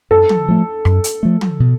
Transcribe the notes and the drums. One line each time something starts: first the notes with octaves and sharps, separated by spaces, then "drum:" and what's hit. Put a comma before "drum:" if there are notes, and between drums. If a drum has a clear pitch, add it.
F#2 A4
drum: tom
F3 A3
F#2, drum: rim click
drum: hi-hat
F3 A3
drum: tom
B2